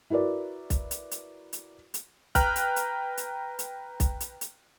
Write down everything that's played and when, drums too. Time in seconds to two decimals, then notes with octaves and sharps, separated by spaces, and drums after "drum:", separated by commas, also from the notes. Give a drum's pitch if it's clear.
0.10 E4 F#4 A#4 B4 D5
0.70 drum: kick B1, hi-hat
0.91 drum: hi-hat
1.11 drum: hi-hat
1.53 drum: hi-hat
1.94 drum: hi-hat
2.35 B4 G5 A#5 F6 F#6, drum: kick B1, hi-hat
2.56 drum: hi-hat
2.76 drum: hi-hat
3.17 drum: hi-hat
3.59 drum: hi-hat
4.00 drum: kick B1, hi-hat
4.20 drum: hi-hat
4.41 drum: hi-hat